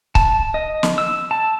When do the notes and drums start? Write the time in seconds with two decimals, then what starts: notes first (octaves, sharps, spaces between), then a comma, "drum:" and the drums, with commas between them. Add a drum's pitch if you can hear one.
0.15 A5, drum: kick C#1
0.54 D#5
0.83 drum: snare
0.98 E6
1.31 A5